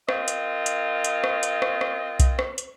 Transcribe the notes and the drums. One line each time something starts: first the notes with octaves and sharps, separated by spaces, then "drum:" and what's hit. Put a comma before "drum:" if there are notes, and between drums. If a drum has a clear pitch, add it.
C4 F4 A#4 D#5, drum: rim click
drum: hi-hat
drum: hi-hat
drum: hi-hat
drum: rim click
drum: hi-hat
drum: rim click
drum: rim click
drum: kick B1, hi-hat
drum: rim click
drum: hi-hat